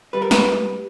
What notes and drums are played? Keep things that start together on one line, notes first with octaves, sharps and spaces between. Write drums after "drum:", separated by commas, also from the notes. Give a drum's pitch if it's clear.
G3 B4
A#4
B4, drum: snare